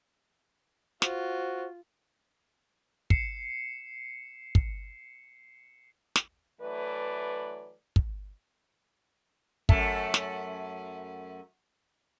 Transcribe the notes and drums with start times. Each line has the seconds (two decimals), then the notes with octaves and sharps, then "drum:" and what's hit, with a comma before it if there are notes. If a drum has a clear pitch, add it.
1.02 F4 F#4 C5, drum: snare
3.10 C7 C#7 E7, drum: kick
4.55 drum: kick
6.16 drum: snare
6.61 E3 F#3 A3 B4 D5
7.96 drum: kick
9.69 F#2 A3, drum: kick
10.14 drum: snare